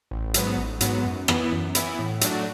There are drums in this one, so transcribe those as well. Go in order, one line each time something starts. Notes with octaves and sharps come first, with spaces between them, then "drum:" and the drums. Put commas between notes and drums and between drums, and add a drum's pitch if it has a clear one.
A1
G#2 F#3 B3, drum: hi-hat
A1
G#2 F#3 B3, drum: hi-hat
F#2
E3 B3 E4, drum: rim click
F#2
E3 B3 E4, drum: hi-hat
A2
F#3 A3 D4 F#4, drum: hi-hat